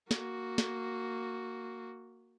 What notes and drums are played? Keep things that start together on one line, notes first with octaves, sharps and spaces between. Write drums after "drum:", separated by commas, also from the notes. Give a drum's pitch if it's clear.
A#3 F#4, drum: snare
drum: snare